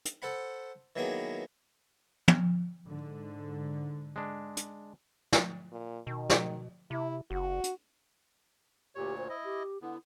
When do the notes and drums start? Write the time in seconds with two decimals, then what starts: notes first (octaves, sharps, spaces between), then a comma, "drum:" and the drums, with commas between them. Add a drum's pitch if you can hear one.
0.05 drum: hi-hat
0.22 A4 C5 F#5 B5
0.96 D#3 E3 F#3 A#3 B3 G#4
2.28 drum: tom
2.86 G#2 D3
4.16 G#3 D4
4.57 drum: hi-hat
5.33 drum: snare
5.72 A#2
6.07 B2 D#3
6.30 drum: snare
6.91 C3 E4
7.31 F#1 F#4
7.64 drum: hi-hat
8.95 D2 A#2 G4 C#5
9.17 C5
9.29 E4 D#5
9.44 G4
9.82 D3 B3 E4